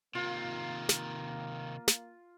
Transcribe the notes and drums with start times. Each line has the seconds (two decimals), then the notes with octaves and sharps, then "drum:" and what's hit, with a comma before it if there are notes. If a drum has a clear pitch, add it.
0.15 C3 D#3 A#3 F4
0.89 drum: snare
1.88 drum: snare